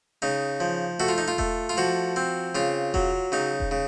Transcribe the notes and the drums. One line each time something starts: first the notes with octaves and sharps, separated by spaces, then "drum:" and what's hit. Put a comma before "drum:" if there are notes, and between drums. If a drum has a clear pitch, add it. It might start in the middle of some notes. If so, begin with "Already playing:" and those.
C#3 D#4
F3
A3 F#4
F4
D#4
F4
A3, drum: kick E1
F4
F3 F#4
C4
C#3 F4
F#3, drum: kick E1
C#3 D#4
drum: kick E1
C#3